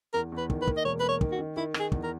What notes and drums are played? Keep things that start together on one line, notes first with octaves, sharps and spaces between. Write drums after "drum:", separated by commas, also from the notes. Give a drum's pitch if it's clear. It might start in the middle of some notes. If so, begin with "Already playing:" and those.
E2 A#4
E2
B4
D#3, drum: kick
B4
A#3, drum: kick
D#5
E1 C#5
A#3 B4
C#5
D#3, drum: kick
F#4
D#3
D#3 E4
D#3, drum: rim click
G#4
E2, drum: kick
A#4